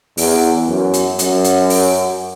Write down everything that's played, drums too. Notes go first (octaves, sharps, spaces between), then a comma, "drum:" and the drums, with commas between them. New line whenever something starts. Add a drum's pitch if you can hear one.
E2, drum: open hi-hat
F#2
drum: hi-hat
F#2, drum: hi-hat
drum: hi-hat
drum: open hi-hat